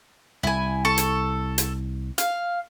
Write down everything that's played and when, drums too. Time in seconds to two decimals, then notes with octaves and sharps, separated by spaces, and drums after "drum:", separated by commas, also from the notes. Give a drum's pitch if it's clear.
0.43 C2 E4 G#5
0.85 A4 C#6
0.98 drum: hi-hat
1.58 drum: hi-hat
2.18 F5, drum: hi-hat